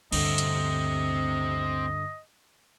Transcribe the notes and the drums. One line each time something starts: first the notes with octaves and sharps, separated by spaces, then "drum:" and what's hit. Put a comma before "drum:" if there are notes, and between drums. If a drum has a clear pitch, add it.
D2 G2 D3 C4 D#5 E5, drum: cymbal
drum: hi-hat